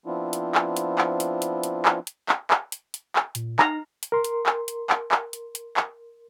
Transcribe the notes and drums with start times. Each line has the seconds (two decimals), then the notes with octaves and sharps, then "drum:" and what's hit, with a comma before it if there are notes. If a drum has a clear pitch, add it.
0.06 F3 B3 C4 D4 E4 F4
0.33 drum: hi-hat
0.55 drum: clap
0.77 drum: hi-hat
0.98 drum: clap
1.20 drum: hi-hat
1.42 drum: hi-hat
1.64 drum: hi-hat
1.85 drum: clap
2.07 drum: hi-hat
2.29 drum: clap
2.50 drum: clap
2.72 drum: hi-hat
2.94 drum: hi-hat
3.16 drum: clap
3.35 A#2, drum: hi-hat
3.59 D#4 A#5, drum: clap
4.03 drum: hi-hat
4.12 A#4 C6
4.24 drum: hi-hat
4.46 drum: clap
4.68 drum: hi-hat
4.90 drum: clap
5.11 drum: clap
5.33 drum: hi-hat
5.55 drum: hi-hat
5.77 drum: clap